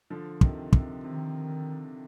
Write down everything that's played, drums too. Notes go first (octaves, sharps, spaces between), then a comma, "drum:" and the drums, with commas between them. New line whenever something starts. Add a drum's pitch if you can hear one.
D3 F3
C3 D#3, drum: kick
C3, drum: kick
C3 D#3